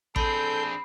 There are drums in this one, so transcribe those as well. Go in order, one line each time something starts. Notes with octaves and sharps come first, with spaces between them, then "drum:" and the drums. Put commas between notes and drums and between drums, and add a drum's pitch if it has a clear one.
C4 D4 G#4 A4 B5 G6 C7, drum: kick A1